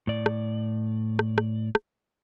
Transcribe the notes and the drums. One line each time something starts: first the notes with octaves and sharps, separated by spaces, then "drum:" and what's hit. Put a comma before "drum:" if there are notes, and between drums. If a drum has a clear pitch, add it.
A2 D5
drum: rim click
drum: rim click
drum: rim click
drum: rim click